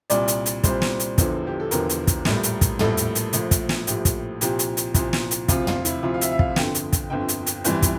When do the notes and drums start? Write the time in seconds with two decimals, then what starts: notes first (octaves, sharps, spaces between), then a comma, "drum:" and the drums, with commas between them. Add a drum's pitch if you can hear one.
0.10 C2 A#2 G3 D5, drum: hi-hat
0.28 drum: hi-hat
0.46 drum: hi-hat
0.64 C2 A#2 G3 C5, drum: kick, hi-hat
0.82 drum: snare
1.00 drum: hi-hat
1.18 E1 E2 D3 F3, drum: kick, hi-hat
1.47 G4
1.60 A4
1.71 E1 E2 D3 F3 A#4, drum: hi-hat
1.89 drum: hi-hat
2.07 drum: kick, hi-hat
2.25 A#1 A2 G3, drum: snare
2.43 drum: hi-hat
2.61 drum: kick, hi-hat
2.79 A#1 A2 G3 A4, drum: tom
2.97 drum: hi-hat
3.15 drum: hi-hat
3.33 A#1 A2 F3, drum: hi-hat
3.51 drum: kick, hi-hat
3.69 drum: snare
3.87 A#1 A2 F3 G4, drum: hi-hat
4.05 drum: kick, hi-hat
4.41 C2 A#2 F3 G4, drum: hi-hat
4.59 drum: hi-hat
4.77 drum: hi-hat
4.94 C2 A#2 F3, drum: kick, hi-hat
5.13 drum: snare
5.31 drum: hi-hat
5.48 D2 C3 F3 F4, drum: kick, hi-hat
5.67 F4, drum: tom
5.85 E4, drum: hi-hat
6.03 D2 C3 F3 F4
6.14 F5
6.21 E5, drum: hi-hat
6.32 E5
6.39 F5, drum: kick
6.56 G1 F2 D3 G5, drum: snare
6.75 drum: hi-hat
6.93 drum: kick, hi-hat
7.10 G1 F2 D3 G5
7.28 drum: hi-hat
7.46 drum: hi-hat
7.64 G1 F2 E3 G3, drum: hi-hat
7.82 drum: kick, hi-hat